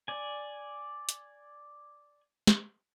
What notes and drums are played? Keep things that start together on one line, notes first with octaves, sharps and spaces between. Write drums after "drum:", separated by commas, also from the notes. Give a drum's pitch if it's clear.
D5 G#5
drum: hi-hat
drum: snare